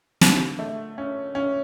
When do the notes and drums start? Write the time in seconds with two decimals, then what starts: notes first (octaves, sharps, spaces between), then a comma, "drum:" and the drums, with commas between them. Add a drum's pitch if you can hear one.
0.21 D3, drum: snare
0.59 A3
0.98 C#4
1.35 C#4